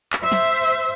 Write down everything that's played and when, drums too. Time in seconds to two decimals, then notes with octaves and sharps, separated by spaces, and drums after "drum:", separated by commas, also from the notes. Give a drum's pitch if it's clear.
0.13 drum: clap
0.22 C5 E5
0.32 drum: snare